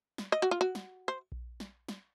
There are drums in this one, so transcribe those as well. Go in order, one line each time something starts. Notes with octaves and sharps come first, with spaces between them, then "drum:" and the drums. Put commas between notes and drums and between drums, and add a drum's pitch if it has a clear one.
drum: snare
D#5
F#4
F4
F#4
drum: snare
C5
drum: kick A#1
drum: snare
drum: snare